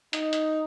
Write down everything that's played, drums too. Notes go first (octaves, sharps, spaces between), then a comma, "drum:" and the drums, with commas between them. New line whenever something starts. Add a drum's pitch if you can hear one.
D#4, drum: hi-hat
drum: hi-hat